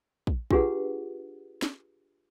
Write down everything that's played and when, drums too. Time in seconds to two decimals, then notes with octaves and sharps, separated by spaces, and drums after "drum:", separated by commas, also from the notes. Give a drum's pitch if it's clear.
0.27 drum: kick
0.51 D4 F4 G4 G#4 B4 F#5, drum: kick
1.62 drum: snare